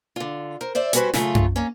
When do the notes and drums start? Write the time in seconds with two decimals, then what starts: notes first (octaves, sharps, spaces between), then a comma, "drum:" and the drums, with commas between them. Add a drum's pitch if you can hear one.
0.16 D3 F4
0.61 A#4 C5
0.75 C5 D5 E5
0.93 G3 B3 C#4 F#4 B4 C5, drum: hi-hat
1.14 F#2 C#3 A3 D4 F4 C#5, drum: snare
1.35 drum: tom F#2
1.56 A#3 C#4